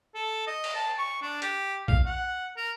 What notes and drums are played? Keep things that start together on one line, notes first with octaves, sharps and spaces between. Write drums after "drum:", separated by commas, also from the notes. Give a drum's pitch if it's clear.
A4
D#5
drum: cymbal
A5
C#6
D4
G4, drum: hi-hat
F5, drum: kick B1
F#5
A#4